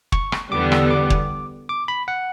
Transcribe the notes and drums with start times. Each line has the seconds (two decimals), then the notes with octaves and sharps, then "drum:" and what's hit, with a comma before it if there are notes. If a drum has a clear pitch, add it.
0.12 C#6, drum: kick
0.32 drum: rim click
0.52 E2 D3 G3 B3 D6
0.72 E6, drum: rim click
0.91 D6
1.10 drum: kick
1.69 D6
1.88 B5
2.08 F#5